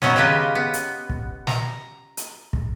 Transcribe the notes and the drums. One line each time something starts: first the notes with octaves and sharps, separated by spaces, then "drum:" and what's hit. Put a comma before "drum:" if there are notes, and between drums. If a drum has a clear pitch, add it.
D#3 F#3 B3 C#4, drum: snare
C#3 F4 G4 B4 D#5
B3
drum: hi-hat
drum: kick
A#5, drum: snare
drum: hi-hat
drum: kick